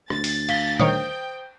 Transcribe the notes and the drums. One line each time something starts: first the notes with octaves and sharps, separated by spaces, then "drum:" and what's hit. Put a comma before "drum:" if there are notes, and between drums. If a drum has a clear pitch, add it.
D2 A6, drum: rim click
drum: open hi-hat
F5 B6 G7, drum: cymbal
D#3 C5 C#5 F5 G5 D#6, drum: tom A#2